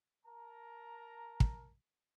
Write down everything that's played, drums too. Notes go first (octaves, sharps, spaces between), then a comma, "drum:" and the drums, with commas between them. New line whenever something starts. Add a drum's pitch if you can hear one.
A#4 A5 A#5
drum: kick